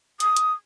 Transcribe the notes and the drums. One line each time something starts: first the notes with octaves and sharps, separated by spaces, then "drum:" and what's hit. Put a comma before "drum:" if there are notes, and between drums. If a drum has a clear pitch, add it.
D#6, drum: hi-hat
drum: hi-hat